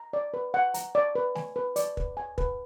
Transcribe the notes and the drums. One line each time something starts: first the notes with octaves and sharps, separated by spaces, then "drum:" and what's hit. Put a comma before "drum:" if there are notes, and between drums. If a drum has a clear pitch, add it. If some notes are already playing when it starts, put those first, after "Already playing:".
Already playing: A#5
D5
B4
F#5
A#5, drum: hi-hat
D5
B4
G#5, drum: snare A3
B4
D5, drum: hi-hat
B4, drum: kick
G#5
B4, drum: kick